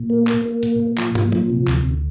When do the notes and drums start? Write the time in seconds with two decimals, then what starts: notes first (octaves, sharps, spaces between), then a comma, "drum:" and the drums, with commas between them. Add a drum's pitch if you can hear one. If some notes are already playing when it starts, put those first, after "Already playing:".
Already playing: A#2
0.10 A#3
0.27 A#3, drum: clap
0.45 A#3
0.63 A#2, drum: hi-hat
0.80 A#2
0.98 F3, drum: clap
1.15 A#2, drum: tom
1.32 F3, drum: tom
1.50 C3
1.68 D2, drum: clap
1.85 D2